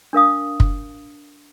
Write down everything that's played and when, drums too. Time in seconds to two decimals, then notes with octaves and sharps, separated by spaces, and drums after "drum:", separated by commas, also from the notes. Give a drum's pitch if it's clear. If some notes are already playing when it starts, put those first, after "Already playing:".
0.13 D4 A#4 F5 D#6
0.60 drum: kick